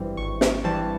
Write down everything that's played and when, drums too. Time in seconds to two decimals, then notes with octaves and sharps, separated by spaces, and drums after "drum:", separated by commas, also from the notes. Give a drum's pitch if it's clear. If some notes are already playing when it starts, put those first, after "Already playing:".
Already playing: G#1 G2 E3 G3 C4
0.17 G#1 C#6
0.41 drum: snare
0.64 G2 E3 G3 C4 A5